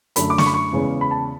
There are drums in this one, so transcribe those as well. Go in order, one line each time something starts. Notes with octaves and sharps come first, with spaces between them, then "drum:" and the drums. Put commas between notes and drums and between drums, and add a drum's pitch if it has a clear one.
F#2 D3 A3 B5, drum: hi-hat
D6
C#6, drum: snare
B5
C#6
E2 C#3 G#3 C#4
B5
A5